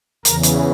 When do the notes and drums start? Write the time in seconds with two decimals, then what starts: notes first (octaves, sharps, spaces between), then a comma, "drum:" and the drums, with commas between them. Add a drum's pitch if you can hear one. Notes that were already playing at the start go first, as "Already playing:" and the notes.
0.25 E2 C#3 E3 A#4, drum: hi-hat
0.43 drum: hi-hat